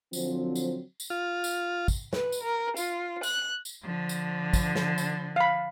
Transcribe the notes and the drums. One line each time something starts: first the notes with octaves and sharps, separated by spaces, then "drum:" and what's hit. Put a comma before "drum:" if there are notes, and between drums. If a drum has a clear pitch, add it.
D3 F3 F#3 C4, drum: tambourine
drum: tambourine
drum: tambourine
F4
drum: tambourine
drum: kick, tambourine
B4, drum: snare
drum: tambourine
A#4
F4, drum: tambourine
F#6, drum: tambourine
drum: tambourine
D3 F3
drum: tambourine
drum: kick, tambourine
drum: snare
drum: tambourine
F5 B5